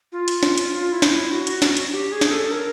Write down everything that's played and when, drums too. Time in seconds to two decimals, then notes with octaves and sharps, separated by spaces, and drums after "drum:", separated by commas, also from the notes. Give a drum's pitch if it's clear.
0.12 F4
0.28 drum: hi-hat
0.43 drum: snare
0.58 drum: hi-hat
0.73 F4
0.92 E4
1.02 drum: snare
1.13 E4
1.32 F#4
1.47 drum: hi-hat
1.62 drum: snare
1.77 drum: hi-hat
1.92 G4
2.12 G#4
2.21 drum: snare
2.31 A4
2.51 A#4